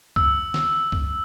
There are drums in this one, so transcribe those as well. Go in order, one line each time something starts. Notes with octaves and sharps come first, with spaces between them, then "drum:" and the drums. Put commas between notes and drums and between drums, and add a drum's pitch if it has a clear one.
E6, drum: kick
drum: snare
drum: kick